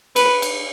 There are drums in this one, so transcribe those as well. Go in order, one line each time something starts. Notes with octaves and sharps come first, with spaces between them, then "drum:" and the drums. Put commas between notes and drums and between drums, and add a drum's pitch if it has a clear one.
B4, drum: cymbal
drum: cymbal